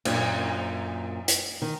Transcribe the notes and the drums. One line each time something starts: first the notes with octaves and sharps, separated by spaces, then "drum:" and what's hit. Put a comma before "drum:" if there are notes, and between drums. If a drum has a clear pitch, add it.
F#2 A#2 D4, drum: cymbal
drum: hi-hat
D#3